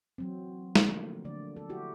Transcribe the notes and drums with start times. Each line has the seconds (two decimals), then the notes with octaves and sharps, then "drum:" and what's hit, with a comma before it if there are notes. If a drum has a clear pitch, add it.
0.18 E3 F#3 C4
0.75 D3 F3 A3 A#3, drum: snare G#3
1.25 D3 D5
1.56 A4
1.69 E4 F#4 G4